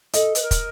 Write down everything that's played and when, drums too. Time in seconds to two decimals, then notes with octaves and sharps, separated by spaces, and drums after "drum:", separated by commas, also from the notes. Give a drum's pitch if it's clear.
0.13 A4 D#5, drum: hi-hat
0.35 B4, drum: hi-hat
0.42 A#4
0.51 drum: kick, hi-hat